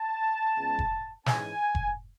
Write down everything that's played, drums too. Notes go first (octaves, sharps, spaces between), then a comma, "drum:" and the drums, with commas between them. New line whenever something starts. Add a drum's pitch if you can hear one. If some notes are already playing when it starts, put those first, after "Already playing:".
Already playing: A5
C#2 C#3 G#3 B3
drum: kick F1
G#2 E3 G#3 C#4 G#5, drum: snare
drum: kick F1